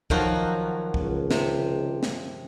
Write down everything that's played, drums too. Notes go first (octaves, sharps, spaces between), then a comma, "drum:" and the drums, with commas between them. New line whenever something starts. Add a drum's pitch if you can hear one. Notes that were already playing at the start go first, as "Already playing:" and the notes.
D#3 F3 F#3, drum: kick C2
C#2, drum: kick C2
C3, drum: snare
drum: snare